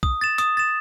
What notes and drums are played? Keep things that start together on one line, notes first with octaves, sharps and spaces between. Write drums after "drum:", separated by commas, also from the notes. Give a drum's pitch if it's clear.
D#6, drum: kick
A6 E7
D#6, drum: hi-hat
A6 E7